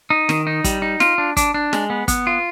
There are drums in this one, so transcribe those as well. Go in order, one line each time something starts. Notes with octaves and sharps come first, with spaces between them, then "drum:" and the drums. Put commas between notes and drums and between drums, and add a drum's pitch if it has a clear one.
D#4
D#3, drum: snare
D#4
G3, drum: kick, hi-hat
D#4
F4, drum: snare
D4
D4, drum: kick, hi-hat
D4
G#3, drum: snare
B3
B3, drum: kick, hi-hat
F4